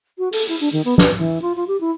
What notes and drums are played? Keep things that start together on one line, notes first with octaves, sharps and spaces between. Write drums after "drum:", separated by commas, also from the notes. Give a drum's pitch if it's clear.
F#4
A4, drum: open hi-hat
E4
D4
D#3
B3
B4, drum: snare
E3
F4
F4
G4
E4